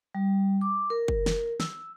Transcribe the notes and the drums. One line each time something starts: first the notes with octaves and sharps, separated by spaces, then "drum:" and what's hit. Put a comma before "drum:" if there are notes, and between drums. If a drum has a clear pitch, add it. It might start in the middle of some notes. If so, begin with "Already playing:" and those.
G3
D6
A#4
drum: kick F#1
drum: snare
E6, drum: snare